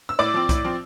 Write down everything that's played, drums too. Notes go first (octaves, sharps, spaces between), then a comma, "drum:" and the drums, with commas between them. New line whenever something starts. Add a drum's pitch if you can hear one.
E6
A2 D5 D6
F3 C4
A2, drum: kick C2, hi-hat
F3 C4